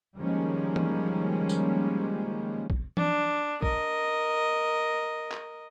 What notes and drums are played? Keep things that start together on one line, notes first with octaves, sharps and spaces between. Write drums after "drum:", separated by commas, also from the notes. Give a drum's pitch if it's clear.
D#3 F3 G3 G#3 A#3 C#4
drum: tom
drum: tambourine
drum: kick
D4, drum: tom
A#4 D#5, drum: kick
drum: clap